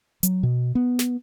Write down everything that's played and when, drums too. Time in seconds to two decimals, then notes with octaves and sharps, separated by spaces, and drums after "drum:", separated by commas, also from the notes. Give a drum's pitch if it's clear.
0.23 F#3, drum: hi-hat
0.43 B2
0.75 B3
0.99 drum: snare